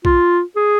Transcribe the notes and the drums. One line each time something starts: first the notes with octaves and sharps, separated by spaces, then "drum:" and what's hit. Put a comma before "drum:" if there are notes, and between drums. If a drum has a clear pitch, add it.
F4, drum: kick B1
G#4